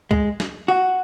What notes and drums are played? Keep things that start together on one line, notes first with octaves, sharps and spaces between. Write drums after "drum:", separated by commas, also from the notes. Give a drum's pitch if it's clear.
G#3, drum: kick C#2
drum: snare
F#4